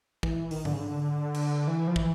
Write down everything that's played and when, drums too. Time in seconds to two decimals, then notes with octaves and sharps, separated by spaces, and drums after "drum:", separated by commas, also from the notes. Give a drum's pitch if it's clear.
0.23 E3, drum: kick
0.51 D#3, drum: open hi-hat
0.65 D3, drum: tom G#2
0.73 C#3
0.80 D3
1.34 drum: cymbal
1.68 E3
1.87 F3
1.96 E3, drum: kick